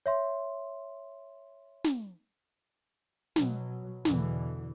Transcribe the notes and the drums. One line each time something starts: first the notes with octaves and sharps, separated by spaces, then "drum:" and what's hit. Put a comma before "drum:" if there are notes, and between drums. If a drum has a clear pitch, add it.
C#5 E5 C6
drum: snare
B2 F#3, drum: snare
E2 B2 D3 E3, drum: snare